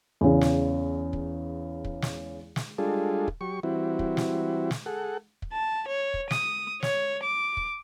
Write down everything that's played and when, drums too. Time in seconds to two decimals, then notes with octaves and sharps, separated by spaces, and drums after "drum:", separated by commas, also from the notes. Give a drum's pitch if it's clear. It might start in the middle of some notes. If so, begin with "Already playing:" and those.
0.21 E2 C#3
0.41 drum: snare
1.13 drum: kick
1.85 drum: kick
2.02 drum: snare
2.56 drum: snare
2.78 G3 G#3 D4 F4 G#4 A4
3.28 drum: kick
3.41 F#3 G4 C#6
3.63 E3 G3 C4 E4 F#4
3.99 drum: kick
4.17 drum: snare
4.71 drum: snare
4.86 G#4 A4 F#5
5.42 drum: kick
5.53 A5
5.88 C#5
6.14 drum: kick
6.31 D#6, drum: snare
6.83 C#5, drum: snare
7.23 D6
7.57 drum: kick